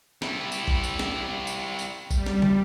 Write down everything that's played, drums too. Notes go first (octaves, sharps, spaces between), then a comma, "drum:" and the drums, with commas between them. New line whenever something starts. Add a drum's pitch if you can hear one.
G3 E4, drum: snare
drum: tambourine
drum: kick A#1
drum: tambourine
drum: snare
drum: tambourine
drum: tambourine
G3, drum: kick A#1, tambourine
drum: snare
drum: tom